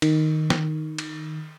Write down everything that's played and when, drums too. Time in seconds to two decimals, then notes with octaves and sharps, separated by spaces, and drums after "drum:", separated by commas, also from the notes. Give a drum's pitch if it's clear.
0.02 D#3, drum: cymbal
0.50 drum: snare
0.98 drum: cymbal